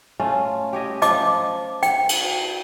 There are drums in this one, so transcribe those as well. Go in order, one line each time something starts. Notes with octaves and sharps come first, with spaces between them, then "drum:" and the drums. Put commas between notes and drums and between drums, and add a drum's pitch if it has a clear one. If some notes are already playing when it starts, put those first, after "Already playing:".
A3 C#4 F4
G4 C#5 D#5
F3 D#5 A5 D6, drum: hi-hat
G5, drum: hi-hat
drum: cymbal